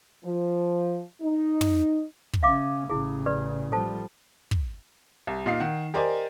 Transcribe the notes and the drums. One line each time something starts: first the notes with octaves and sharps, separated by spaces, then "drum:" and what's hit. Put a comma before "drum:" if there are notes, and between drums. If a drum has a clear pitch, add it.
F3
D#4
drum: tom
drum: kick
C#3 C#4 E5 F5 D6
A1 C#3 E4 G#4
G4 B4 D5
F3 G3 A4 C5 A5
drum: kick
C2
A#2 D#4 F5 C7
D#3 F#5
G4 A#4 C5 D5 D#5 G#5